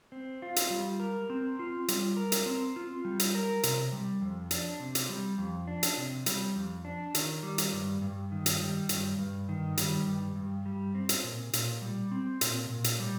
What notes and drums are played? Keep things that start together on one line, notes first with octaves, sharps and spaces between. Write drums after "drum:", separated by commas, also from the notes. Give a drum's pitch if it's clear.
C4
F4
drum: hi-hat
G3
A#4
C4
F4
G3, drum: hi-hat
A#4
drum: hi-hat
C4
F4
G3
drum: hi-hat
A#4
C3, drum: hi-hat
G3
F2
D4, drum: hi-hat
C3
drum: hi-hat
G3
F2
D4
drum: hi-hat
C3
G3, drum: hi-hat
F2
D4
D#3, drum: hi-hat
G3
drum: hi-hat
G2
G2
D#3
drum: hi-hat
G3
G2, drum: hi-hat
G2
D#3
G3, drum: hi-hat
G2
G2
G3
C4
drum: hi-hat
A#2
A#2, drum: hi-hat
G3
C4
A#2, drum: hi-hat
A#2
drum: hi-hat
G3